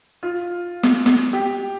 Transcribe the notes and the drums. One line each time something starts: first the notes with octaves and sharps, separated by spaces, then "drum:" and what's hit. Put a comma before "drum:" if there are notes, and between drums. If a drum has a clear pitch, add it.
F4
drum: snare
drum: snare
G4